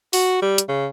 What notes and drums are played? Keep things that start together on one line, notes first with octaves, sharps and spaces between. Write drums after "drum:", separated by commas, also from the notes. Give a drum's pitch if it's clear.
F#4, drum: open hi-hat
G3
drum: hi-hat
C#3